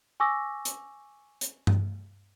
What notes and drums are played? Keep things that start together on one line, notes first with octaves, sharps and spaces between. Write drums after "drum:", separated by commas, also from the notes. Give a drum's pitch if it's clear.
G#5 C#6 D6 E6 A#6
drum: hi-hat
drum: hi-hat
drum: tom G2